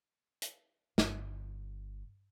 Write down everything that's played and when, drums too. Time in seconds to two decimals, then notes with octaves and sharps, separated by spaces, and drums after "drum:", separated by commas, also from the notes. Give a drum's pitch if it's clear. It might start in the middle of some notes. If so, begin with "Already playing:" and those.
0.42 drum: hi-hat
0.98 G1, drum: snare